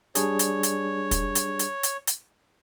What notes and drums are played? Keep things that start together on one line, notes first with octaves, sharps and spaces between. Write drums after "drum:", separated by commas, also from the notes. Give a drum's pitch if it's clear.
G3 D4 G#4 C#5, drum: hi-hat
drum: hi-hat
drum: hi-hat
drum: kick, hi-hat
drum: hi-hat
drum: hi-hat
drum: hi-hat
drum: hi-hat